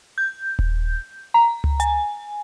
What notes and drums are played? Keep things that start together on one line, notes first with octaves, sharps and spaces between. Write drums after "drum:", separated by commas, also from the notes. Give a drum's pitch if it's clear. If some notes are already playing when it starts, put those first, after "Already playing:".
G6
drum: kick D#1
A#5
drum: tom C#2
G#5, drum: hi-hat